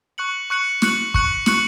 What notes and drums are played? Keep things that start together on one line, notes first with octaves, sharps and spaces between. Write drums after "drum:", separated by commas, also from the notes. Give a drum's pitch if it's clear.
C#6 F#6 C#7 F#7
C#6 F#6 C#7 F#7
C#6 F#6 C#7 F#7, drum: snare
C#6 F#6 C#7 F#7, drum: kick
C#6 F#6 C#7 F#7, drum: snare